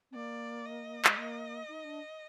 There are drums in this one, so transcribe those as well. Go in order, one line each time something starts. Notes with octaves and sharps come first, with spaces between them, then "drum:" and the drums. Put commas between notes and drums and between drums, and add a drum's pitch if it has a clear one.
C4
A#3 D5
D#5
G#3, drum: clap
A#3
D#4
D4